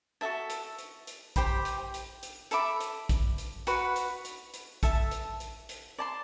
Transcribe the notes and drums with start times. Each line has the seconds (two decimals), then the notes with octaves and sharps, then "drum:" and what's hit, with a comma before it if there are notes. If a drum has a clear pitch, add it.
0.21 F#4 A4 E5 A5
0.50 drum: hi-hat
0.79 drum: hi-hat
1.07 drum: hi-hat
1.36 G4 C5 G5 B5, drum: kick A#1, hi-hat
1.65 drum: hi-hat
1.94 drum: hi-hat
2.23 drum: hi-hat
2.51 A4 E5 B5 D6, drum: hi-hat
2.81 drum: hi-hat
3.09 drum: kick A#1, hi-hat
3.38 drum: hi-hat
3.67 F#4 B4 F#5, drum: hi-hat
3.96 drum: hi-hat
4.25 drum: hi-hat
4.54 drum: hi-hat
4.83 A4 E5 A5, drum: kick A#1, hi-hat
5.11 drum: hi-hat
5.40 drum: hi-hat
5.69 drum: hi-hat
5.98 D5 A5 C6